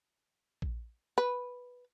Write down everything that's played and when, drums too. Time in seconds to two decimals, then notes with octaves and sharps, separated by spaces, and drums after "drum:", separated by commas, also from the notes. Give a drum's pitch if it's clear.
0.62 drum: kick A#1
1.18 B4